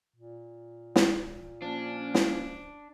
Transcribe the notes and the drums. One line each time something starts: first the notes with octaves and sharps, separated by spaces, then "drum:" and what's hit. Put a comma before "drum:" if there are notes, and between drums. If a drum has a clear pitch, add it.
A#2
drum: snare
F3 A#3 C#4 D4
drum: snare